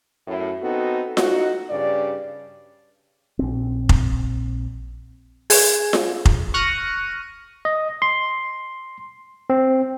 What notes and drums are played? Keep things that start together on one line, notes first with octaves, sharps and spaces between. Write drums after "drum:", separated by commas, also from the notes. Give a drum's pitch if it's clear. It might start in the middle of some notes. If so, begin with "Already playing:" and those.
F#2 A2
B3 C4 D#4 F#4 A4
D#4 F#4, drum: snare F4
G2 C#3 G4 D5
A#1 C4
drum: kick F1
G#4, drum: open hi-hat
drum: snare F4
drum: kick F1
C#6 F6 F#6 A#6 C#7 D#7
D#5
C6
C4